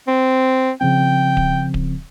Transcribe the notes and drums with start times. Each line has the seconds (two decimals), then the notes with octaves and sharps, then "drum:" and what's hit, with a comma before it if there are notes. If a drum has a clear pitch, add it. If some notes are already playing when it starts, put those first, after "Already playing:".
0.08 C4
0.81 C#3 F3 C4 G5
1.37 drum: kick D1
1.74 drum: kick D1